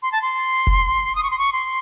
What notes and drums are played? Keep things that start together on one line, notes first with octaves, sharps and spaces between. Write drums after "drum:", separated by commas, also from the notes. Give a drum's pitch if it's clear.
C6
A5
C6
drum: kick F1
D#6
C#6
C6
C#6
C6